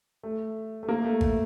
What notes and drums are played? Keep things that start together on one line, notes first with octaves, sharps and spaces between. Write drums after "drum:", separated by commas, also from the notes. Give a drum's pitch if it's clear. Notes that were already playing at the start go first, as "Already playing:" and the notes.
A3
A3
A#3
A3
A3, drum: kick G#1